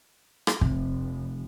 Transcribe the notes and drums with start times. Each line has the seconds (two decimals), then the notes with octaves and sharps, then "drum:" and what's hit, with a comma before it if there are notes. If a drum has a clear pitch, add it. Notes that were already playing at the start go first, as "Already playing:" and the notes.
0.47 drum: rim click
0.61 F1 C3, drum: kick